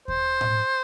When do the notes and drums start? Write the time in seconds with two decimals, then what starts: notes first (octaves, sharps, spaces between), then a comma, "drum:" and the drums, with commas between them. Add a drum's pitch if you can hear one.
0.08 C5, drum: kick D#2
0.41 drum: tom A2